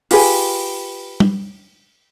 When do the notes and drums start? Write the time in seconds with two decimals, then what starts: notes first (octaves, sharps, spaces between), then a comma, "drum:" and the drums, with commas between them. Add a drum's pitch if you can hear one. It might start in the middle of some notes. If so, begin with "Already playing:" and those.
0.11 F4 G4 G#4 B4, drum: open hi-hat
1.20 drum: tom